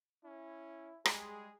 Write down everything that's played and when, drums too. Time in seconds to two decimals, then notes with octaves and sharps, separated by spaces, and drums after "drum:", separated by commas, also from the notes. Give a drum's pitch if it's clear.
0.24 C#4 E4
1.05 G3 G#3 G#4, drum: rim click